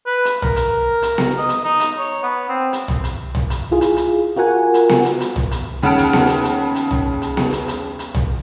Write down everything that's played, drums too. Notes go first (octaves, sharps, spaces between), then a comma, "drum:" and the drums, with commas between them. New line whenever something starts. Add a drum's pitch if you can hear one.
B4
drum: hi-hat
A#4, drum: tom
drum: hi-hat
drum: hi-hat
drum: snare B3
D#5
drum: hi-hat
D#4
drum: hi-hat
C#5
B3
C4
drum: hi-hat
drum: tom
drum: hi-hat
drum: tom
drum: hi-hat
E4 F4 G#4
drum: hi-hat
drum: hi-hat
F4 F#4 A#4 F#5 G#5
drum: hi-hat
drum: snare B3
drum: hi-hat
drum: hi-hat
drum: tom
drum: hi-hat
D#2 C#3 F#5 A5 F6 D7
drum: hi-hat
drum: snare B3
drum: hi-hat
drum: hi-hat
drum: hi-hat
drum: tom
drum: hi-hat
drum: snare B3
drum: hi-hat
drum: hi-hat
drum: hi-hat
drum: tom